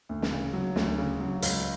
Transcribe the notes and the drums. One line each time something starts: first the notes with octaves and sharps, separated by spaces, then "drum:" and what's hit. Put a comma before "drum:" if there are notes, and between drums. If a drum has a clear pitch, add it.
D2
drum: snare
C#3
F#3
D2, drum: snare
C#3
F#3
C#2, drum: hi-hat